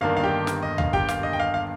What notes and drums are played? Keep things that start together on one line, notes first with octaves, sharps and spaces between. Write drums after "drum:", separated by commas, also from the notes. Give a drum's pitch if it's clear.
G1 G2 D#3 A#3 D4 F5
F5
G4 G5
drum: snare
D#5
F5, drum: tom D2
G4 G5, drum: kick
F5, drum: snare
D#5
G5
F5
F5